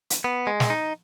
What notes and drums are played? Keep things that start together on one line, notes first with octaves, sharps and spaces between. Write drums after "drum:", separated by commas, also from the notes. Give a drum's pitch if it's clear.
drum: hi-hat
B3
G#3
drum: snare
D#4